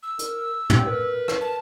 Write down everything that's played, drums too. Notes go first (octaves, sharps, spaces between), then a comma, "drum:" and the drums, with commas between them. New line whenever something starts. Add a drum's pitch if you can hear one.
E6
A#4, drum: hi-hat
G4, drum: tom
A#4 B4
drum: rim click
A5